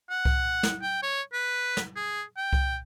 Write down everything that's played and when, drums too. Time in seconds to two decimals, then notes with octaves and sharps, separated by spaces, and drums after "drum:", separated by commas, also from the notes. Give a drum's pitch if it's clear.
0.10 F#5
0.25 drum: kick C2
0.63 drum: snare
0.82 G5
1.03 C#5
1.33 B4
1.77 drum: snare
1.96 G#4
2.37 G5
2.53 drum: kick C2